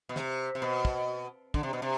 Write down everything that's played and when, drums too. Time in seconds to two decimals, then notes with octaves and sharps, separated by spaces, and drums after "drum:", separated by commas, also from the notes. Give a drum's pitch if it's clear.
0.09 B2
0.16 C3, drum: snare
0.55 C3
0.62 B2
0.85 drum: kick
1.54 D3, drum: kick
1.63 C3
1.73 B2
1.82 C3